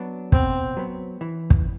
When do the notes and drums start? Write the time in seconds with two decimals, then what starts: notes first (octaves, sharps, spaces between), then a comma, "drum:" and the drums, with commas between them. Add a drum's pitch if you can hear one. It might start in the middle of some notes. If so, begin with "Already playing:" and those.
Already playing: F#3 B3 D4
0.32 B2 C4, drum: kick
0.77 F#3 B3
1.21 E3
1.50 drum: kick